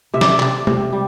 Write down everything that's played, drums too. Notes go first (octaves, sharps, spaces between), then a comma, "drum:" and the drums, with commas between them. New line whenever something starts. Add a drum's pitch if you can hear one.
C3 E5
D5, drum: snare
E5
C3, drum: clap
C3, drum: tom
G3